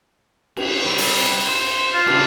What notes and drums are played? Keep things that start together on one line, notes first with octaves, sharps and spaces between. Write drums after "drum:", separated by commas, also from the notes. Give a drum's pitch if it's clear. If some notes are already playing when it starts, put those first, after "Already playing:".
drum: cymbal
G3 C4
drum: open hi-hat
C5
F4
C#3 D4, drum: cymbal